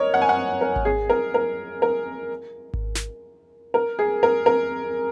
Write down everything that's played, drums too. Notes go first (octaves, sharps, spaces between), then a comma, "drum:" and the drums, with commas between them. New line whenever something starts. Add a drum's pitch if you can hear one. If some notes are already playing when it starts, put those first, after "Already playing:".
Already playing: A#4 C#5 D#5
F#5
G#5
F#5
A#4
drum: kick G#1
G#4
A#4
A#4
A#4
drum: kick G#1
drum: snare
A#4
G#4
A#4
A#4